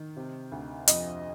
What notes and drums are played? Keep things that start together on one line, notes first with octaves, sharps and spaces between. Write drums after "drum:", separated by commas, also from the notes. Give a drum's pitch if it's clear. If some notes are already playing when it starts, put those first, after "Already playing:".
Already playing: D#3
C3
D2
F2 D#5, drum: hi-hat